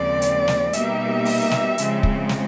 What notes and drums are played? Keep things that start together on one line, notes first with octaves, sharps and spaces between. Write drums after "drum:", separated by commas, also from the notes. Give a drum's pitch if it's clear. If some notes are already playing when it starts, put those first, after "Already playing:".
Already playing: D#2 C#3 F3 G#3 C4 D5
drum: hi-hat
drum: snare
B2 G3 A#3 D#4 G4 E5, drum: hi-hat
drum: open hi-hat
drum: snare
C#3 F3 G#3 C4, drum: hi-hat
drum: kick
drum: snare